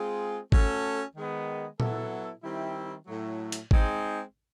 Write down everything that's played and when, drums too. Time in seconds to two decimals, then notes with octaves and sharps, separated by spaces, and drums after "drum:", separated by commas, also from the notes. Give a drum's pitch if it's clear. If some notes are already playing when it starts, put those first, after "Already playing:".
Already playing: G#3 C4 F4 G#4
0.52 A3 C#4 F#4 A4, drum: kick G#1
1.16 D#3 G#3 B3
1.80 F#3 B3 E4 A4, drum: tom A#2
2.44 D#3 G3 C4 E4
3.07 A2 F#3 A3
3.52 drum: hi-hat
3.71 G#3 C4 D#4 G#4, drum: kick G#1